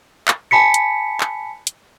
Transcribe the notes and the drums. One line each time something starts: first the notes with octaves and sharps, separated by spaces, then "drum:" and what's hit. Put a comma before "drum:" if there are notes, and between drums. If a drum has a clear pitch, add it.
drum: clap
G#5 A5 B5 B6 C#7
drum: hi-hat
drum: clap
drum: hi-hat